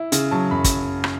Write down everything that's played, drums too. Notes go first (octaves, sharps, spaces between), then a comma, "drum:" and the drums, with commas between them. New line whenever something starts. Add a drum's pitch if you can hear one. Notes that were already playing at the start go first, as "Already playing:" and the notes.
Already playing: E4
C#3, drum: hi-hat
F#3 A5
F#2 B5
drum: kick, hi-hat
drum: rim click